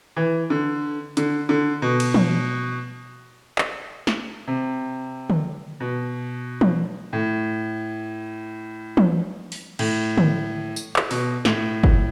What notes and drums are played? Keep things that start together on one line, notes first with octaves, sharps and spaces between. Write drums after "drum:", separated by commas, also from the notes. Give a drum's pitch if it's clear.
E3
D3
D3, drum: hi-hat
D3
B2
drum: cymbal
drum: tom E3
drum: clap
drum: snare
C3
drum: tom D3
B2
drum: tom E3
A2
drum: tom E3
drum: open hi-hat
A2, drum: cymbal
drum: tom D3
drum: tambourine
drum: clap
B2, drum: open hi-hat
A2, drum: snare
drum: kick